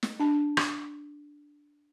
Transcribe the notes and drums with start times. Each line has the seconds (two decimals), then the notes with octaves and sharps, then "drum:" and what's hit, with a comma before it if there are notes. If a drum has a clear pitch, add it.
0.03 drum: snare
0.20 D4 A5
0.57 drum: rim click